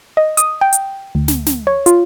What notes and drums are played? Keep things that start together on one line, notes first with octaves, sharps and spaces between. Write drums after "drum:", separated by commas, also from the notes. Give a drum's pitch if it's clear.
D#5
D#6, drum: hi-hat
G5
drum: hi-hat
D2
drum: snare
drum: snare
C#5
F4, drum: hi-hat